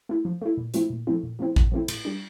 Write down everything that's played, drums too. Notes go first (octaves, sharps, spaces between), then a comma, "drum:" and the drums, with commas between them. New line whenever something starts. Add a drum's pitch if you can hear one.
A3 E4
F3
A3 E4
A#2
F3 A3 C4 E4, drum: hi-hat
A#2
F3 A3 C4 E4
A#2
F3 A3 C4 E4
A#2, drum: kick A1
F3 A3 C4 E4
A2, drum: cymbal
G3 D4